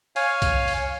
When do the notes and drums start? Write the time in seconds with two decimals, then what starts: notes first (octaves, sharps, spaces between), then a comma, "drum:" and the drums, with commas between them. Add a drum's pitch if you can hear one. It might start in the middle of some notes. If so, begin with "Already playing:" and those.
0.16 C#5 F5 G#5, drum: open hi-hat
0.42 drum: kick B1, hi-hat
0.68 drum: open hi-hat